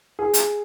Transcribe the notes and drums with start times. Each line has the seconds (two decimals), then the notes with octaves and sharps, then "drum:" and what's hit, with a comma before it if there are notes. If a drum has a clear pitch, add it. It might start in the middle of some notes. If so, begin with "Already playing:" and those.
0.19 G#4
0.34 drum: hi-hat